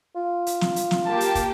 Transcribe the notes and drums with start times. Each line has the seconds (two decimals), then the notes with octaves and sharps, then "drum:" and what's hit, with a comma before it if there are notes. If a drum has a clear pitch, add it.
0.15 F4
0.46 drum: hi-hat
0.61 drum: snare
0.76 drum: hi-hat
0.91 drum: snare
1.06 A#3 G4 A5
1.20 drum: hi-hat
1.35 drum: kick, hi-hat